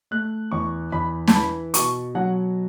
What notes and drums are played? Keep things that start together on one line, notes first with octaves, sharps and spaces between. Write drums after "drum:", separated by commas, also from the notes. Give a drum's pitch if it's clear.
A3 F#6
E2 C#6
E2 B5
A5, drum: snare
E3 B5
B2 C#6, drum: hi-hat
F#3 F#5